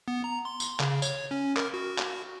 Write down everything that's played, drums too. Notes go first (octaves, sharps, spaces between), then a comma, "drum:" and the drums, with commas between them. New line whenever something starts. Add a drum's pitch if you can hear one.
B3
A#5
C6
drum: tambourine
C#3, drum: clap
C#5, drum: tambourine
C#4
A#4, drum: clap
F#4
drum: clap